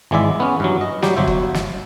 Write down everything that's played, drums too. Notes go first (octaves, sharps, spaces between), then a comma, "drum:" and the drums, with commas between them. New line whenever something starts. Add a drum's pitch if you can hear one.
G#1 E3 G#3 D5 E5
B3 C#4
G2 E3 F#3
D#5
F#3 G3 G4, drum: snare
G1 F#3 C5 E5
drum: kick F#1
drum: snare